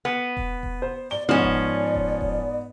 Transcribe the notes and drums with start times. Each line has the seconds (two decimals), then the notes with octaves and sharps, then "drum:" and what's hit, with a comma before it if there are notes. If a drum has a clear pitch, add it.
0.05 B3
0.37 drum: kick E1
0.63 drum: kick E1
0.82 C5
1.11 D5 G7
1.29 G#2 F3 B3 C#4 D#4 D5
1.42 drum: kick E1
1.94 drum: kick E1
2.21 drum: kick E1